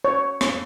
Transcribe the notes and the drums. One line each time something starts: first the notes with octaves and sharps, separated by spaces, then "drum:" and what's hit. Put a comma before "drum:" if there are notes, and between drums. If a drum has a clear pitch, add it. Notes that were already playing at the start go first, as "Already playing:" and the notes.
C#5
drum: rim click